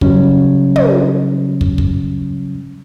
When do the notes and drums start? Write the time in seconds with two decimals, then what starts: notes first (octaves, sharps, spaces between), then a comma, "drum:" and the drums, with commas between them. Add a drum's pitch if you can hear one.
0.01 C#3 F#3 G3 C#4, drum: kick
0.76 drum: tom
1.61 drum: kick
1.78 drum: kick